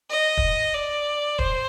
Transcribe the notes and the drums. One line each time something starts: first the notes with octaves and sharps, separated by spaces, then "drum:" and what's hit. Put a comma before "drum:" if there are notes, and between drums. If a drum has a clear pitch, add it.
D#5
drum: kick
D5
C5, drum: kick